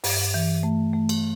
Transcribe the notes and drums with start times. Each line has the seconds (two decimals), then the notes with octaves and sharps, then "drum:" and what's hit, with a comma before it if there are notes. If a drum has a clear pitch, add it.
0.04 G2, drum: open hi-hat
0.34 E3
0.63 A3
0.93 A3
1.09 drum: cymbal